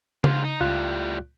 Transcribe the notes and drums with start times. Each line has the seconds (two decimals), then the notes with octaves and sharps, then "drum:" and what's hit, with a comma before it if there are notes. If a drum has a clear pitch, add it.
0.24 G#2 F4, drum: tom C#3
0.44 D#4
0.61 C#2 A2 G3 F4 F#6